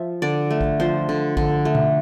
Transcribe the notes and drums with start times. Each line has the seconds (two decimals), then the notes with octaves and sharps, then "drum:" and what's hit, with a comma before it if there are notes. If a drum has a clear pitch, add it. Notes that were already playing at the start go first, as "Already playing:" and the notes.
Already playing: F3 E5
0.22 D3 D5
0.51 A3
0.61 drum: kick A1
0.80 F3 C5
1.09 D3
1.37 D3, drum: kick A1
1.65 A3
1.75 drum: tom B2